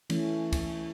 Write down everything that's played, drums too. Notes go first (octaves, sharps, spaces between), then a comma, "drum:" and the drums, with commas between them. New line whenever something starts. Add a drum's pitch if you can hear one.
E3 A3 C#4, drum: cymbal
drum: kick, cymbal